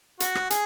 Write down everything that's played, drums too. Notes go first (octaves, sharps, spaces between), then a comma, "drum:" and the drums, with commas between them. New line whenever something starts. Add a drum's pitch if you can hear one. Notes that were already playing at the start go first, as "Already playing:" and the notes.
F#4, drum: hi-hat
drum: rim click
G#4, drum: hi-hat